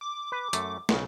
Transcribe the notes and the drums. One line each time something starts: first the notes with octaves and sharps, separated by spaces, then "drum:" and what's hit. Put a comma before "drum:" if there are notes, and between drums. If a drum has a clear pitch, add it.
D6
B4
F#2 A3, drum: hi-hat
B1 C#3, drum: snare